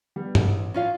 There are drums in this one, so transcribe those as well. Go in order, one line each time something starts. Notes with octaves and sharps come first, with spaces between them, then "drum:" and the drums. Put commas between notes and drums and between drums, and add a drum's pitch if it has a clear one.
G3 B3
A1, drum: tom G2
C#4 F4 F5